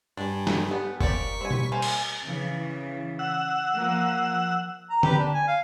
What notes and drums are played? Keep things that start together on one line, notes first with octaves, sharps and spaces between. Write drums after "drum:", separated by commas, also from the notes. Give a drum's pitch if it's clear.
G2 G3 D4 G#5
drum: snare
A3 B3 G4
F3 G4 A#4 D5 C#6 B6, drum: kick F#1
G3 C4 G#5
drum: tom B2
A#3 C5 G#5
drum: cymbal
C#3 E3
F#5 E6
F3 A#3
A#5
G4 B4 B5, drum: tom D3
D4
G#5
F5